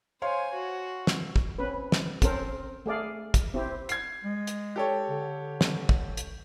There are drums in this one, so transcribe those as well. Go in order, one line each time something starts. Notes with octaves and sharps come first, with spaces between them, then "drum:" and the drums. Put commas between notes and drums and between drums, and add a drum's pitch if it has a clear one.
C5 C#5 F5 G#5 C6
F#4
drum: snare
drum: kick
C4 C#4 B4
drum: snare
C4 C#4 A4 A#4 C5, drum: kick, hi-hat
A3 G#4 D5 F5
drum: kick, hi-hat
C4 E4 G4 C5
G#6 C7, drum: hi-hat
G#3
drum: hi-hat
G4 A4 C#5
D3
drum: snare
drum: kick
drum: hi-hat